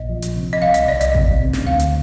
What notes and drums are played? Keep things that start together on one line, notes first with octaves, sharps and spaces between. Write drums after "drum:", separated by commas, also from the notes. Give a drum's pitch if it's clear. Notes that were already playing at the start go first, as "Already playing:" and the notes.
Already playing: A#1 D#5
F3
drum: hi-hat
C3
D#5
C2 F5
D#5, drum: hi-hat
C2 D5
D#5, drum: hi-hat
C3, drum: kick A1
C3
drum: snare
D2 F5
drum: hi-hat